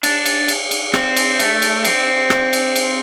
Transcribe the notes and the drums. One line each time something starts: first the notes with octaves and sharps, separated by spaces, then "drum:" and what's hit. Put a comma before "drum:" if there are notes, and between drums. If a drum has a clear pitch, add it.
D4, drum: cymbal
drum: cymbal
drum: cymbal
drum: cymbal
C4, drum: rim click
drum: cymbal
A3, drum: cymbal
drum: cymbal
C4, drum: cymbal
drum: rim click
drum: cymbal
drum: cymbal